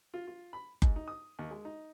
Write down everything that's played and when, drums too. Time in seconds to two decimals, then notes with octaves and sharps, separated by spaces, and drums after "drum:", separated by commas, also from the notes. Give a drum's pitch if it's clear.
0.14 F4
0.27 F4
0.53 B5
0.82 G#2, drum: kick F#1
0.96 D#4
1.08 D#6
1.39 D#2
1.51 G#3
1.65 D#4